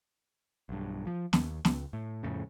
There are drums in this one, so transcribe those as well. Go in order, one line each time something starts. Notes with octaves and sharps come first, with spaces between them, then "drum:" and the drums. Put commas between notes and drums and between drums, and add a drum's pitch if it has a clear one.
B1 G2
F3
D#2, drum: snare
C#2, drum: snare
A2
F2 A2 C#3